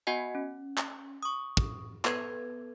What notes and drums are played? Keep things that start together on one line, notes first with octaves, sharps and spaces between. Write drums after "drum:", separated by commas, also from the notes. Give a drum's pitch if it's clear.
B3 F#4 D#5 F#5 G#5
C#4
drum: clap
C#6 D#6
drum: kick
B3 A4 B4 G#6, drum: clap